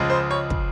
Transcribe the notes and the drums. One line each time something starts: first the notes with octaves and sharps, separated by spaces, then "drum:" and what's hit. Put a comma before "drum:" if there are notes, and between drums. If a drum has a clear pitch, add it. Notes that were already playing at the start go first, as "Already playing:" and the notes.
Already playing: C#2 C#3 F3 G#3
C5
C#5
drum: kick